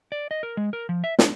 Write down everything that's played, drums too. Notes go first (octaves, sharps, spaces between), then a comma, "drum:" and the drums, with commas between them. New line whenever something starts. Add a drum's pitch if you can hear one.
D5
D#5
A#4
G#3
A#4
F3
E5
D4, drum: snare